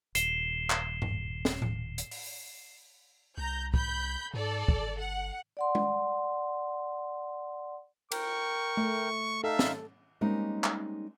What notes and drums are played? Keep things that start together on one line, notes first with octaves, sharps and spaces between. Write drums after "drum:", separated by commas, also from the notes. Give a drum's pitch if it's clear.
D#1 C7 E7 G7, drum: hi-hat
drum: clap
drum: tom G2
drum: snare
drum: tom A2
drum: hi-hat
drum: open hi-hat
C2 A#5 G6
B5 G6, drum: kick
G#2 A4 D5
G1, drum: kick
F#5
D5 F#5 C6
drum: tom G#3
A#4 G5 C#6, drum: cymbal
A3
D#4 A4 E5 F5
drum: snare
G3 G#3 A#3 C4 C#4 D#4
drum: clap